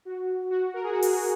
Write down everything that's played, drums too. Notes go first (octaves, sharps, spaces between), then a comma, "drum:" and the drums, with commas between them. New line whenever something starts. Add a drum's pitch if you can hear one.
F#4
F#4
A#4
G#4
F#4
G#4, drum: open hi-hat